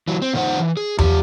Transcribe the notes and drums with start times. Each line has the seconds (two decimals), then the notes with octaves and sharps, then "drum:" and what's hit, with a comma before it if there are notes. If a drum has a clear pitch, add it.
0.08 E3 F#3
0.22 C4
0.34 B2 D#3 F3 A#3 C5 F#5
0.59 E3
0.77 G#4
0.99 F3 G4, drum: tom E2